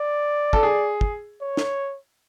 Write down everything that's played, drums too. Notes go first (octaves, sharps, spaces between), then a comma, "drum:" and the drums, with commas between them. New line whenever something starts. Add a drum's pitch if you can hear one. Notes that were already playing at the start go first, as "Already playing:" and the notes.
Already playing: D5
A4, drum: kick
G#4
drum: kick
C#5
drum: snare